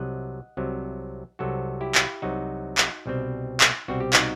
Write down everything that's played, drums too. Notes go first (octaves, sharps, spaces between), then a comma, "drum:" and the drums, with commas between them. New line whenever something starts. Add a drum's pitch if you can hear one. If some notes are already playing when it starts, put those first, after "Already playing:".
Already playing: C2 C3 F#3 D#5 F#5
C2 C3 F#3
C2 C3 F#3 F#4 A4
E4 G4
drum: clap
C2 C3 F#3 D#4 F#4
drum: clap
C2 B2 G3 C4
drum: clap
C2 B2 G3 C4 F#4
G4
D#4 F#4, drum: clap